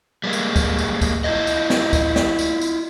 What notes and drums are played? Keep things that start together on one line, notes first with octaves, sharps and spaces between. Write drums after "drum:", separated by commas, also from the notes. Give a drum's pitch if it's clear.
G3 G#3 A#3
drum: tambourine
drum: kick, tambourine
drum: tambourine
drum: kick, tambourine
E4 F4 A4 C5 D#5
drum: tambourine
drum: snare
drum: kick, tambourine
drum: snare
drum: tambourine
drum: tambourine